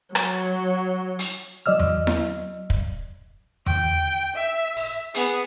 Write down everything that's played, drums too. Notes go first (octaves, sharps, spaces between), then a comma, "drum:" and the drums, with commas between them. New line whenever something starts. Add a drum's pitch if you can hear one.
F#3, drum: rim click
drum: hi-hat
F#3 D5 D#5 E6 F6
drum: tom E2
drum: snare E4
drum: kick
G5, drum: tom E2
E5
drum: open hi-hat
B3 G#4, drum: hi-hat